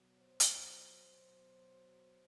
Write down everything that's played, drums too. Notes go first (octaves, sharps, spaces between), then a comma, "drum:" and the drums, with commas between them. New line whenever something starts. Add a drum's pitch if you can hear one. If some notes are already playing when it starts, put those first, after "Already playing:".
Already playing: B2 F#3
C5
drum: hi-hat
B2 F#3